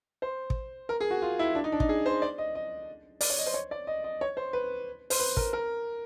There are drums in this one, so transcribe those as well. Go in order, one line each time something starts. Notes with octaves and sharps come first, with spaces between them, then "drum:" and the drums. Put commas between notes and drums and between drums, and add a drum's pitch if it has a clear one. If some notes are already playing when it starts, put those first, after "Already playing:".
C5
drum: kick
A#4
G#4
F#4
F4
E4
D4
D#4
D4
D#4, drum: kick
G#4
C5
D5
D#5
D#5
D5, drum: open hi-hat
C#5
D#5
C5
C#5
D5
D#5
D#5
C#5
C5
B4
C5, drum: open hi-hat
B4
A#4, drum: kick
A#4